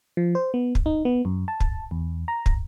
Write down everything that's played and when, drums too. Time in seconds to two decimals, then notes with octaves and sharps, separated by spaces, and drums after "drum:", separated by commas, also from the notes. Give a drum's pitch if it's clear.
0.17 F3
0.35 C5
0.54 B3
0.75 drum: kick
0.86 D#4
1.05 B3
1.25 F#2
1.48 A5
1.60 drum: kick
1.91 E2
2.28 A#5
2.46 drum: kick